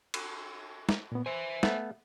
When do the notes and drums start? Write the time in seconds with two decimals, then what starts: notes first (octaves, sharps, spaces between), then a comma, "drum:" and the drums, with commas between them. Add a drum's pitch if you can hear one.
0.14 drum: cymbal
0.89 drum: snare
1.12 A#2 B3
1.26 C5 E5 G#5
1.63 A3 B3, drum: snare